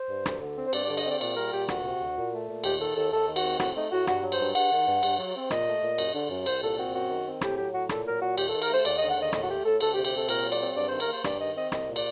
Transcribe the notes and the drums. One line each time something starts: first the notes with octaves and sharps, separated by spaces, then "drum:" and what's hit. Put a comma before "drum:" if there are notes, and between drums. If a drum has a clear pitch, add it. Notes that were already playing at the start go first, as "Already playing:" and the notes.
Already playing: C5
G2
D2, drum: rim click
D3
C4
C5
G2 D5, drum: cymbal
D5
D3
D#5, drum: cymbal
C4 D5
A#2 D5, drum: cymbal
G3 A#4
A#2 G4
D2 F#4, drum: rim click
C3
D2
A#2
A3
A#2
D#2 G4, drum: cymbal
D#3 A4
D#2 A4
D#2 A4
D#3
F#4, drum: cymbal
C4
A2 F#4, drum: rim click
A3 D#4
A2 F#4
G2 F#4, drum: rim click
F#3
C5, drum: cymbal
G2
G2 F#5, drum: cymbal
D#3
G2
G2, drum: cymbal
F#3
C4
A#2 D#5, drum: rim click
A3
A#2
F#2, drum: cymbal
D3
F#2
C2 C5, drum: cymbal
A#2 A4
C4 F#4
F#2 F#4
D#3
C4
A2 G4, drum: rim click
F#3 G4
A2 F#4
A#2 A4, drum: rim click
F#3 A#4
A#2 F#4
D#2 G4, drum: cymbal
A4
D#3
A#4, drum: cymbal
A3 C5
D#2 D5, drum: cymbal
D#5
D3
F#5
D#2 D#5
A2 D#5, drum: rim click
F#4
A3 G4
A2 A4
D2 A4, drum: cymbal
G4
C3
G4, drum: cymbal
C4 A4
A#2 A#4, drum: cymbal
F#3
D5, drum: cymbal
C4
G2 D5
C5
D#3
A#4, drum: cymbal
A#3 C5
G2 D5, drum: rim click
D#3 D#5
C4 D#5
C2 D#5, drum: rim click
A#2
D5, drum: cymbal